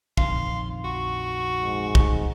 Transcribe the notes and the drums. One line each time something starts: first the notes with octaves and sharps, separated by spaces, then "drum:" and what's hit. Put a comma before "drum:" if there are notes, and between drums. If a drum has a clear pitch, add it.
A#1 F2 D#3 F5 C6, drum: kick
F#4 C#6
G#2
drum: kick